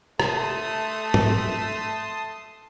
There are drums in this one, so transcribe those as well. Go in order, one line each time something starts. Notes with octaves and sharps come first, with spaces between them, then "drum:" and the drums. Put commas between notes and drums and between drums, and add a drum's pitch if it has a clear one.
A3 A5 C6 D#6, drum: rim click
drum: tom